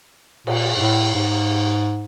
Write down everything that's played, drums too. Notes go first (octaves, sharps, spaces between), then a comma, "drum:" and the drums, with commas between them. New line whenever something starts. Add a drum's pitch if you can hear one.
A#2, drum: cymbal
G#2
A2
G#2